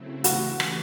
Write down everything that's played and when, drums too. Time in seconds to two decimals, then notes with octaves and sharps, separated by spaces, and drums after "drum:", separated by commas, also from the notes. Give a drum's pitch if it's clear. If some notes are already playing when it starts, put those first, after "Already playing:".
Already playing: C#3 F#3 A3 C4 E4
0.24 C#3 E3 A3 D4 F#4 G4, drum: hi-hat
0.60 drum: rim click